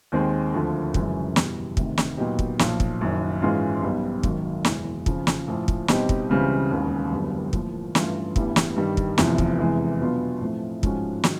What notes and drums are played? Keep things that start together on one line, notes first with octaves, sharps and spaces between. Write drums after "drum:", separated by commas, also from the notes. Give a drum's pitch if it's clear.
D#2 D#3 G#3 C4
D2 D3 F3 A3
F#2 C#3 E3 G#3, drum: kick
E2 B2 G3, drum: snare
D2 C3 D#3, drum: kick
drum: snare
A#2 F#3 B3 D#4 G4
drum: kick
B1 A#2 F3, drum: snare
drum: kick
F#1 F#2 D#3
G#2 E3 G#3 C#4 F4
B1 B2 G3 B3 D#4
G#1 F#2 D#3 F#3, drum: kick
F#1 E2 B2 G#3, drum: snare
F2 C#3 F3, drum: kick
drum: snare
A#1 A2 F3
drum: kick
B2 G3 C4 D#4 G4, drum: snare
drum: kick
C#2 C#3 E3 G3 C4
E1 D#2 C#3
F#1 F#2 D3 G3 B3
A2 F3 A#3, drum: kick
G2 E3 A3 C#4 F4, drum: snare
A1 G2 E3 G3 B3, drum: kick
drum: snare
G2 D#3 G3
drum: kick
F1 E2 C3 F3, drum: snare
drum: kick
E2 C3 E3 G#3
B2 F#3 B3 D4 F4
A2 F3 A3 C4
G#2 F3 G#3 C#4 F#4, drum: kick
D#3 F#3, drum: snare